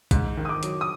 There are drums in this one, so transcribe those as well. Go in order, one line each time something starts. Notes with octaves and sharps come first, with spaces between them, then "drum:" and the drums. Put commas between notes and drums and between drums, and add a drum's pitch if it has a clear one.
G#2, drum: kick, hi-hat
D#3
D#6
D6
F#3, drum: hi-hat
D#6